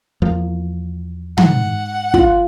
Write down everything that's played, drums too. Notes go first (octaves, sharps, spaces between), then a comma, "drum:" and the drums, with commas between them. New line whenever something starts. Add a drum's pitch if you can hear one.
E2 F3 A#3
G#2 F#5, drum: tom
F4, drum: kick